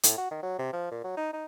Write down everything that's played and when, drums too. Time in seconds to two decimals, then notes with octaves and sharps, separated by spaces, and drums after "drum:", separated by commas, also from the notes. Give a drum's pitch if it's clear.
0.03 A2, drum: hi-hat
0.18 F#4
0.31 D#3
0.43 F#3
0.59 C3
0.73 F3
0.91 A#2
1.04 F#3
1.17 D#4
1.33 D#4